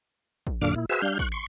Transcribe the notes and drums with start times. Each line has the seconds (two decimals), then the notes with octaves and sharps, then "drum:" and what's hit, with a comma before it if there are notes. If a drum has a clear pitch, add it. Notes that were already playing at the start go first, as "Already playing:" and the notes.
0.47 drum: kick
0.62 F#2 A#2 D3 D4 F5 D6
0.76 A#2 E4
0.90 F#4 G#4 B4 C5 E5 E6
1.02 G3 D4 F5 G6
1.19 C#6 F#6, drum: kick
1.32 C6 C#6